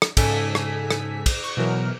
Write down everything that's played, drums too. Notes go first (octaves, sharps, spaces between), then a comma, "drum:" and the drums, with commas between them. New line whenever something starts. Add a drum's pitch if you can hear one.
drum: rim click
G#2 C#3 A4 G#5 B6, drum: kick, cymbal
drum: rim click
drum: rim click
drum: kick, cymbal
C#6
B2 E3 F#3 A#4